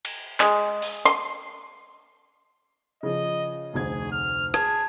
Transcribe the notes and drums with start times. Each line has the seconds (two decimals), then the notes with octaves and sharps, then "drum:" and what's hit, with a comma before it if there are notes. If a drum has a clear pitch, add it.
0.05 drum: cymbal
0.40 G#3, drum: clap
0.82 drum: open hi-hat
1.05 C6
3.03 C#3 F3 D#5
3.74 F1 D2 G#4 G#6
4.12 F6
4.54 G#4 A5 G#6, drum: rim click